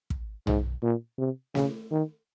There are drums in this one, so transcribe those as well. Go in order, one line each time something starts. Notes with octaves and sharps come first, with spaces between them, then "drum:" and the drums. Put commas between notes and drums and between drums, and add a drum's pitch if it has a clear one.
drum: kick
G#2, drum: tom
A#2
C3
C#3, drum: snare
D#3